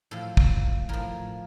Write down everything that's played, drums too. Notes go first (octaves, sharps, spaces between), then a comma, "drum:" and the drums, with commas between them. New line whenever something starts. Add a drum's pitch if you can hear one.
A2 F3 A4
drum: kick
A2 F3 A#4